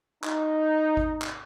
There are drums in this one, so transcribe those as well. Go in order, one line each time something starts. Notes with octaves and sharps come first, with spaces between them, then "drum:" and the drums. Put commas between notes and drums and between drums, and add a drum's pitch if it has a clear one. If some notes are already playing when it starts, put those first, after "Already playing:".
D#4, drum: clap
drum: kick G#1
drum: clap